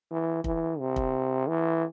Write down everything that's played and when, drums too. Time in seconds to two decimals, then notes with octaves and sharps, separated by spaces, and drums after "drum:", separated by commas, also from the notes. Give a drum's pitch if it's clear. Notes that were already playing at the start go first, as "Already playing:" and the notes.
0.11 E3
0.44 E3, drum: kick
0.79 C3
0.96 drum: kick
1.48 E3